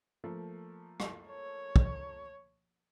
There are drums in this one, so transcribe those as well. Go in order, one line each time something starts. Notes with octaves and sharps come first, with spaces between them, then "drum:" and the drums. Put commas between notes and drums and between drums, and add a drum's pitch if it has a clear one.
F3 A3 A#3
drum: rim click
C#5
drum: kick